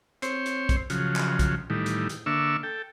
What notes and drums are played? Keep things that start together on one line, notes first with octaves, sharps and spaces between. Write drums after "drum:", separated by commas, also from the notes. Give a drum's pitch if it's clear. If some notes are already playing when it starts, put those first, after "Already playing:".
C4 C5 C#5, drum: hi-hat
drum: hi-hat
drum: kick A#1, hi-hat
C#3 F3 F#3, drum: hi-hat
drum: clap
drum: kick A#1, hi-hat
A2 D#3 E3 G3
drum: hi-hat
drum: hi-hat
D3 A#3 D4 E5 C#6 E6
A4 G5